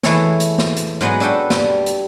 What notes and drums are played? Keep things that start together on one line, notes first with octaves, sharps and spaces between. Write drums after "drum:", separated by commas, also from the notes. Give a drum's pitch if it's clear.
E3 A3 E4 G#4 A4 C#5, drum: snare
drum: hi-hat
drum: snare
drum: hi-hat
G#2 F#3 B3 G#4 D#5 F#5
D4 F#4 A4 B4 G5 A5
G3, drum: snare
drum: hi-hat